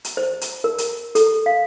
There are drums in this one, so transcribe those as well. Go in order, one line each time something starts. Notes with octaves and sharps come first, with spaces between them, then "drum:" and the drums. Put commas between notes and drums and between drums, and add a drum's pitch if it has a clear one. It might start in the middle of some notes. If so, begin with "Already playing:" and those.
drum: hi-hat
C5
drum: hi-hat
A#4
drum: hi-hat
A4, drum: hi-hat
F5